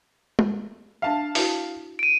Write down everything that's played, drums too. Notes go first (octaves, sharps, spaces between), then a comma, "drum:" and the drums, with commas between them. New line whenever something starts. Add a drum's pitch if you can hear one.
drum: tom G#3
D4 E5 F5 A5
E4 F#4, drum: open hi-hat
D7 D#7